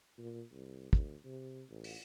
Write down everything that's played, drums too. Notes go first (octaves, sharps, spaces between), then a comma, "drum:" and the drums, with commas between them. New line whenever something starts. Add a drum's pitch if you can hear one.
A#2
C2
D2, drum: kick
C3
A1
drum: open hi-hat